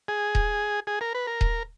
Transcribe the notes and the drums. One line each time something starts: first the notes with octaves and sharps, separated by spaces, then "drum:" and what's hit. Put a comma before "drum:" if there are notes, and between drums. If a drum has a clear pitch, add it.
G#4
drum: kick D#1
G#4
A#4
B4
A#4
drum: kick D#1